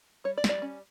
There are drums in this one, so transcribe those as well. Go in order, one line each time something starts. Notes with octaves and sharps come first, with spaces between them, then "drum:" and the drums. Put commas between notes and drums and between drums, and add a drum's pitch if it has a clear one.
G3 C#5
D5
G3, drum: snare
D5
C#4